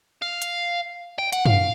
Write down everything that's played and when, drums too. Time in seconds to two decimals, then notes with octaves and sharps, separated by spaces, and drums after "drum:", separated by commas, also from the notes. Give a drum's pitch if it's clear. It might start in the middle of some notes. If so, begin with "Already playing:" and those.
0.22 F5
0.42 drum: hi-hat
1.18 G5
1.33 F#5, drum: hi-hat
1.46 F5, drum: tom F#2